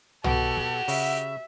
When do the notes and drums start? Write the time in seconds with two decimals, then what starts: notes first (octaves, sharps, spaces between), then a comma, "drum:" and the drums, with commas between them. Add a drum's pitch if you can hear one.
0.24 B2 F#4 G4 A4 F#5, drum: tom
0.57 drum: kick
0.88 C#3 E5, drum: open hi-hat